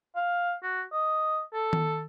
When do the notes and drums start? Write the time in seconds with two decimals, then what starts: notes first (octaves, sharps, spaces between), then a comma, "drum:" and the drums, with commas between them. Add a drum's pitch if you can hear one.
0.15 F5
0.63 F#4
0.92 D#5
1.53 A4
1.73 drum: tom D#3